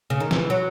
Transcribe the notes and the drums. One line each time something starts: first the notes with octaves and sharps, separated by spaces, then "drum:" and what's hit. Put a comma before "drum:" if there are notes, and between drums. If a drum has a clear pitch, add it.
C#3
D#3
E3, drum: snare
F#3